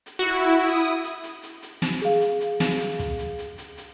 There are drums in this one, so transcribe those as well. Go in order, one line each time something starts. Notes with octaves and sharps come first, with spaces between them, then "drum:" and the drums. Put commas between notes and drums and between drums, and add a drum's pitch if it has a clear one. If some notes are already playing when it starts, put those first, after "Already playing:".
drum: hi-hat
E4 F#4
drum: hi-hat
D#6
drum: hi-hat
drum: hi-hat
drum: hi-hat
drum: hi-hat
drum: snare
G#4 F5, drum: hi-hat
drum: hi-hat
drum: hi-hat
drum: snare
drum: hi-hat
drum: kick, hi-hat
drum: hi-hat
drum: hi-hat
drum: hi-hat
drum: hi-hat